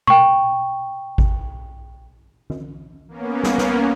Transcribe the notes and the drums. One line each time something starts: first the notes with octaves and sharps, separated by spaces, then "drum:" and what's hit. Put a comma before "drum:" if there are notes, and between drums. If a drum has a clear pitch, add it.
G5 C#6, drum: tom B2
drum: kick G#1
drum: tom E3
A#3 B3 C#4
drum: snare
drum: snare